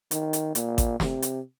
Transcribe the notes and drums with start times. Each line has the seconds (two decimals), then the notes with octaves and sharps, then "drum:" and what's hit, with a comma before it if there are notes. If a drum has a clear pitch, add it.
0.11 D#3, drum: hi-hat
0.33 drum: hi-hat
0.55 A#2, drum: hi-hat
0.78 drum: kick A1, hi-hat
1.00 C3, drum: snare
1.22 drum: hi-hat